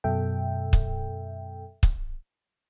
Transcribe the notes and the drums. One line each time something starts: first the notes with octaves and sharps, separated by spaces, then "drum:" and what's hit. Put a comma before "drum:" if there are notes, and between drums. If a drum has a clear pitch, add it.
F#2 B2 A4 E5 G5
drum: kick
drum: kick